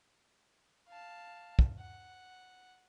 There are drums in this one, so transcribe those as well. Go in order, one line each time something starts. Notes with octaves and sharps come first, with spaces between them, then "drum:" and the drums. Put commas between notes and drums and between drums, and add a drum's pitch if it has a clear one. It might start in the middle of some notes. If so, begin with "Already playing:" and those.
F5 A5
drum: kick
F#5